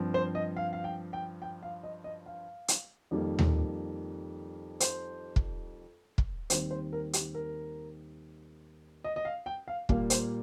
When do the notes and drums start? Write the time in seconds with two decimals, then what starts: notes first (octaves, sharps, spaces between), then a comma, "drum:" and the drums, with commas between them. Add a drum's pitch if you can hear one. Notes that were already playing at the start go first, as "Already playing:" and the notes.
Already playing: G2 F3 C4
0.14 C5
0.35 D#5
0.56 F5
0.73 F5
0.84 G5
1.13 G5
1.42 G5
1.63 F5
1.83 D#5
2.04 D#5
2.26 F5
2.68 drum: hi-hat
3.11 F2 D#3 G3 A#3
3.39 drum: tom D#2
4.80 C5, drum: hi-hat
5.36 drum: kick
6.18 drum: kick
6.50 D#2 D#3 G3 C4 C5, drum: hi-hat
6.71 C5
6.93 A#4
7.13 G4, drum: hi-hat
7.35 A#4
9.04 D#5
9.16 D#5
9.25 F5
9.46 G5
9.68 F5
9.89 A#2 G3 A#3 F5, drum: kick
10.10 C5, drum: hi-hat